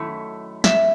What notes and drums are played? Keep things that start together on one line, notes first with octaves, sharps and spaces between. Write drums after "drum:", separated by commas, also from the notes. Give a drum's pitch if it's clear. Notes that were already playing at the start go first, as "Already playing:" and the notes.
Already playing: F#2 D#3 A3 E4
E5, drum: snare